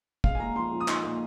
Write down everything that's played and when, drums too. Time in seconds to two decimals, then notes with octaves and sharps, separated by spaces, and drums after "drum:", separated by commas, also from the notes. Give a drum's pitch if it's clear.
0.24 G#3 F5, drum: kick
0.35 G#5
0.40 A#2 A#5
0.56 F3 C6
0.72 F3
0.80 D#6
0.88 D#4 C6, drum: clap
1.03 A#2